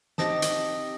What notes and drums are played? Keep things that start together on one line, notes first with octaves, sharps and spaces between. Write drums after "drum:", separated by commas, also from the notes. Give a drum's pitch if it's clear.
C4 D#4 G4 A5 D#6 A#6, drum: snare
drum: hi-hat